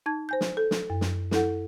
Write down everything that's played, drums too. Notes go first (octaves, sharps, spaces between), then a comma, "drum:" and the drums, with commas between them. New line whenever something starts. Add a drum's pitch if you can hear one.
D#4 A5 G#6
C5 G#5 G6
drum: snare
A4
drum: snare
F#2
drum: snare
E4 A4 F#5, drum: snare